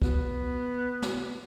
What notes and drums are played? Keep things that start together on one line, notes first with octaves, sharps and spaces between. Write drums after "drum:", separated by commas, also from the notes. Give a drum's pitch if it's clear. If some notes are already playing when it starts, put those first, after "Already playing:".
B3, drum: kick
drum: snare